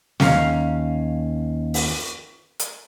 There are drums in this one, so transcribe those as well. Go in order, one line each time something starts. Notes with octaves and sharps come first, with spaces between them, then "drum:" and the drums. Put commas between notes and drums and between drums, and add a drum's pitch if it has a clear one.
D#2 C#4 F5 A#5, drum: snare
drum: open hi-hat
drum: hi-hat